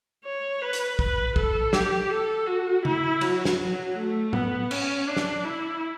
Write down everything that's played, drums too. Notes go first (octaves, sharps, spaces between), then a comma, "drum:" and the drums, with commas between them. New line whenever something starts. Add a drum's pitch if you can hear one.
C#5
B4
drum: hi-hat
B4, drum: kick
A4, drum: kick
G4, drum: snare
A4
F#4
E4, drum: tom C#3
F#3, drum: cymbal
drum: snare
F#3
A3
B3, drum: tom A2
C#4, drum: cymbal
D4
drum: snare
E4